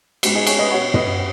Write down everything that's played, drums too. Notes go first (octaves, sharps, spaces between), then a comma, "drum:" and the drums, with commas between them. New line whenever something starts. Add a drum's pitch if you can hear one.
G#2 G#3 B3 F#4, drum: cymbal
D#4 G#4
G#4 C#5, drum: cymbal
B4 D#5
B2 B3 C#5 F#5
B4 D#5, drum: tom